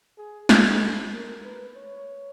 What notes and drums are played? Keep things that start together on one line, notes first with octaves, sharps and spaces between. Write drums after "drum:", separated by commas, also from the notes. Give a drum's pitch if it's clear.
G#4
A4, drum: snare
A#4
B4
C#5